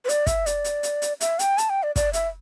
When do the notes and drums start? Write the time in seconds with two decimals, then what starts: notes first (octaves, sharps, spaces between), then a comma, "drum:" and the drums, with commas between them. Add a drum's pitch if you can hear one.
0.05 B4
0.09 D5, drum: hi-hat
0.27 E5, drum: kick, hi-hat
0.46 D5, drum: hi-hat
0.64 drum: hi-hat
0.83 drum: hi-hat
1.02 drum: hi-hat
1.21 E5, drum: hi-hat
1.39 G5, drum: hi-hat
1.58 A5, drum: hi-hat
1.70 G5
1.83 D5
1.96 D5, drum: kick, hi-hat
2.13 E5, drum: hi-hat